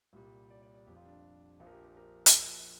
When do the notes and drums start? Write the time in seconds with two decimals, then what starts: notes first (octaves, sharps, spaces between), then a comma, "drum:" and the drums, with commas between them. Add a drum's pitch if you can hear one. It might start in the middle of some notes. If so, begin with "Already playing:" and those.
0.13 C2 A#2 G3
0.50 D5
0.62 D5
0.74 D5
0.86 F1 F2 F3 G4
0.96 F4
1.05 D4
1.60 A#1 A#2 F3 F4
1.67 A#4
1.72 G4
1.85 A#4
1.97 A#4
2.26 drum: hi-hat